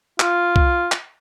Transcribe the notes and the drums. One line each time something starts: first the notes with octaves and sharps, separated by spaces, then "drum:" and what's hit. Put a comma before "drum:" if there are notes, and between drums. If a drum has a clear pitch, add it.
F4, drum: clap
drum: kick
drum: clap